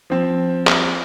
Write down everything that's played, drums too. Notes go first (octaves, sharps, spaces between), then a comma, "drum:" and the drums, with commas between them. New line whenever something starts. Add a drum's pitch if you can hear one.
F3 C4
drum: clap